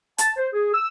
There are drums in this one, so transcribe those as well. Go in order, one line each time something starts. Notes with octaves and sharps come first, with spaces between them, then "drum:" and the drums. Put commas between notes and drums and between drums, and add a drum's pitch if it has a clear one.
A5, drum: hi-hat
C5
G#4
E6